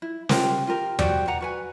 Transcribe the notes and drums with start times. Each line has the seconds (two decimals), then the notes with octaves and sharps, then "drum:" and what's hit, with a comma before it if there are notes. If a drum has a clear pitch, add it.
0.02 E4
0.29 F4 G4 A#4 C5, drum: snare
0.67 F4 G4 A#4
0.99 F#4 G4 C5 D5, drum: tom E2
1.27 B4 F#5 A#5
1.41 F#4 B4 G#5